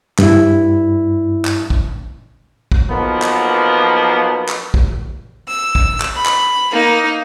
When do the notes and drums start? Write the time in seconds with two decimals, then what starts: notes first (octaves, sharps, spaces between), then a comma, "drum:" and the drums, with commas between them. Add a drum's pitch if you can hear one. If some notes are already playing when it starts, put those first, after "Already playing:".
0.19 G2 E4, drum: clap
1.45 drum: clap
1.70 drum: kick
2.72 drum: kick
2.90 B1 F3 A#3 B3
3.22 drum: clap
4.49 drum: clap
4.74 drum: kick
5.48 E6
5.75 drum: kick
6.00 drum: clap
6.16 B5
6.26 drum: clap
6.71 A#3 D#4